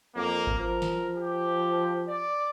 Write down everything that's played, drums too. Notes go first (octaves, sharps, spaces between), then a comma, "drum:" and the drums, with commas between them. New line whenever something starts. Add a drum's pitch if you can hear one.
F2 A#3
drum: kick G#1
F3 A#4
drum: snare
G4
D5